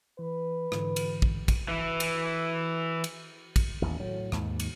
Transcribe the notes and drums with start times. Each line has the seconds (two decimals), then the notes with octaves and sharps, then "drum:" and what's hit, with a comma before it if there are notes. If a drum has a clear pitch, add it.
0.19 E3 B4
0.72 G#2 D3 E3, drum: rim click
0.96 drum: cymbal
1.22 drum: kick
1.48 drum: kick, cymbal
1.68 E3 E4
2.00 drum: cymbal
3.04 drum: cymbal
3.56 drum: kick, cymbal
3.82 A1 D#2
4.00 A2 F#3
4.32 D#2 G#2, drum: rim click
4.60 drum: cymbal